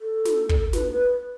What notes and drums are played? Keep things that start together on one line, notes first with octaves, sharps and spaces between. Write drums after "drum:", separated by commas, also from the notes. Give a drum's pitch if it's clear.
A4
drum: snare
drum: kick
B4, drum: snare
B4